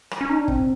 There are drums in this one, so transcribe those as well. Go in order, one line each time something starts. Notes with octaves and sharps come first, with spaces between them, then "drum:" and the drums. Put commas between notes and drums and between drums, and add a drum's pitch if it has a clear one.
drum: rim click
C#4
D#4
D4
C4, drum: kick